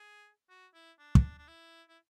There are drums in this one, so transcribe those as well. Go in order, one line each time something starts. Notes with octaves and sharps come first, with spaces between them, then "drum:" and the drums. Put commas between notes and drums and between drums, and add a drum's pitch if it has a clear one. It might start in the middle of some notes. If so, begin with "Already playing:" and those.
Already playing: G#4
F#4
E4
D4
drum: kick
D4
E4
E4